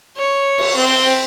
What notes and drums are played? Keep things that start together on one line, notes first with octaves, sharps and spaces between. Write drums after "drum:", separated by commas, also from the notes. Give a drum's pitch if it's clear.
C#5
drum: cymbal
C4